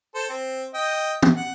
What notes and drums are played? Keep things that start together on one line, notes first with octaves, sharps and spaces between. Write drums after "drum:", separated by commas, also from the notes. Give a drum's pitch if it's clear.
A4 C5
C4
D#5 G5
drum: tom
F#5